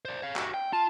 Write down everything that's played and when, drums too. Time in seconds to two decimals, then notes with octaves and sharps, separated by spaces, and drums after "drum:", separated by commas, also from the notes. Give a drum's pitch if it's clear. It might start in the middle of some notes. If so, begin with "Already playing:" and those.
0.05 C5 D5
0.22 C#5 F5
0.36 F#4 G4, drum: clap
0.54 G5
0.73 F4 A5